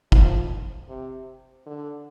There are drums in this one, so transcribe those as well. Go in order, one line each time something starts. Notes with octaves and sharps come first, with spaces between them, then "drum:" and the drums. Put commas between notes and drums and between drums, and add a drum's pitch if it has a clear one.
F3, drum: kick
C3
D3